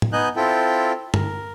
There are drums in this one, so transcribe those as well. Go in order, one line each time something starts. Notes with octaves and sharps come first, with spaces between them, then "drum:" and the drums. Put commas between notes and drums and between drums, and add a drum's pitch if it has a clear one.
drum: tom
B3 D#4 D#5 G#5 F#6 G6
C4 E4 F4 A4 G5
A#4, drum: tom G2